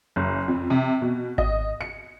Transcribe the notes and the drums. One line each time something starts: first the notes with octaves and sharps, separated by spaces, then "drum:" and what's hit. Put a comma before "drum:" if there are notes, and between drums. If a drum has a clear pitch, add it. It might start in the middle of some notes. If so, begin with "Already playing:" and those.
F#1
F2
C3
B2
D#5, drum: kick G#1
C#7